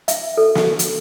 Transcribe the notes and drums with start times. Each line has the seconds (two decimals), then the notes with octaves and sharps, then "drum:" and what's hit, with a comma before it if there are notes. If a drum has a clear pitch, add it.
0.08 E5, drum: hi-hat
0.37 A4
0.55 drum: snare
0.79 drum: hi-hat